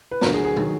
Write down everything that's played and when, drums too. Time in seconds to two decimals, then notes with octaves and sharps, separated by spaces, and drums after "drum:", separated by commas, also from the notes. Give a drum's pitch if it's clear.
0.11 B4
0.21 D2 D3 F#3 A#4, drum: snare
0.34 G#4
0.45 G#4
0.56 D#3 F#3 G#4, drum: tom